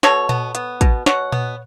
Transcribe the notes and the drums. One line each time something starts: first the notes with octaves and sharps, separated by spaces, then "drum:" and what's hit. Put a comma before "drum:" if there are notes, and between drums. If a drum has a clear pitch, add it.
B2 A4 C#5, drum: snare
B3, drum: tom A#2
B3, drum: hi-hat
B2, drum: kick, hi-hat
B2 C#5 F#5, drum: snare
B3, drum: tom A#2